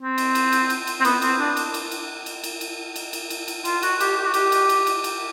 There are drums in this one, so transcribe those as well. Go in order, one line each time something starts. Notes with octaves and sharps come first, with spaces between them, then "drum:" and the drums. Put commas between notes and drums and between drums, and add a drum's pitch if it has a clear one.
C4
drum: cymbal
drum: cymbal
drum: cymbal
drum: cymbal
drum: cymbal
C4
B3, drum: cymbal
C4, drum: cymbal
D4
drum: cymbal
drum: cymbal
drum: cymbal
drum: cymbal
drum: cymbal
drum: cymbal
drum: cymbal
drum: cymbal
drum: cymbal
drum: cymbal
F4, drum: cymbal
F#4, drum: cymbal
G4, drum: cymbal
G4
F#4
G4, drum: cymbal
drum: cymbal
drum: cymbal
drum: cymbal
drum: cymbal